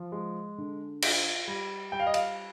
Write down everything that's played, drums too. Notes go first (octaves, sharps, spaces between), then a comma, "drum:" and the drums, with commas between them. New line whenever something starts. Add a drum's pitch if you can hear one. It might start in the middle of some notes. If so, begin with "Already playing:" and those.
Already playing: F3
G#3
D3
F4, drum: cymbal
G3
G3 G5
F5
D#5
F5, drum: cymbal